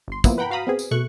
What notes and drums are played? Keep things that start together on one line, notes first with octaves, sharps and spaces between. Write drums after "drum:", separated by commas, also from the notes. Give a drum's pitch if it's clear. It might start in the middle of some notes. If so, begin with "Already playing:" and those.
G1 C6
F3 A#3 B3 E4, drum: kick, tambourine
B4 F#5 G5 A#5 B5
F#4 F5 A#5 B5 D#6
B3 C4 G#4
drum: tambourine
B2 A3 C#6 F#6